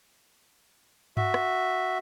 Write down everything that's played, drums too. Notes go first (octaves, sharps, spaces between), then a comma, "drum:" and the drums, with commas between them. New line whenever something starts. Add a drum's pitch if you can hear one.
F#4 E5, drum: tom G2
drum: rim click